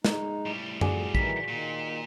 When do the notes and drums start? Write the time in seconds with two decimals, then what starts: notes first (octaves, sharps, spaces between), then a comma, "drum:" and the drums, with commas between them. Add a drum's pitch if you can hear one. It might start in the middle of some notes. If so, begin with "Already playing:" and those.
0.05 G#3 D#4, drum: snare
0.46 A2 G3
0.81 F2 F#4 G#4 D5, drum: tom F#2
1.15 D#3 E3 D#4 B6, drum: kick
1.48 A#2 D#3